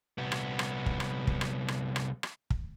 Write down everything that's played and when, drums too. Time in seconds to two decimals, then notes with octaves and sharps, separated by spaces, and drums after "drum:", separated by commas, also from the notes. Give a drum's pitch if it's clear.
0.18 C2 B3
0.32 drum: rim click
0.59 drum: rim click
0.86 drum: kick
1.00 drum: rim click
1.27 drum: kick
1.41 drum: rim click
1.68 drum: rim click
1.96 drum: rim click
2.23 drum: rim click
2.50 drum: kick